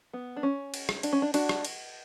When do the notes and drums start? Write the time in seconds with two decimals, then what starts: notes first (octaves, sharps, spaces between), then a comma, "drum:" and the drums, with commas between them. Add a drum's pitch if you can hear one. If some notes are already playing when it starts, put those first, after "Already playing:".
0.13 B3
0.36 D4
0.43 C#4
0.74 drum: cymbal
0.89 drum: rim click
1.03 D4, drum: cymbal
1.13 C#4
1.22 D4
1.34 D4 F#4, drum: cymbal
1.49 drum: rim click
1.65 drum: cymbal